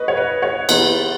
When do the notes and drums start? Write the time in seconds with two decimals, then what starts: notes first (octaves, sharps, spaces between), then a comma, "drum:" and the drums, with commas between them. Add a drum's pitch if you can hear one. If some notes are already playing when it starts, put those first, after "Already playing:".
Already playing: B4 D#5 C#6
0.08 C#5
0.17 B4
0.42 C#5
0.69 E3 B3 D#4 B4, drum: cymbal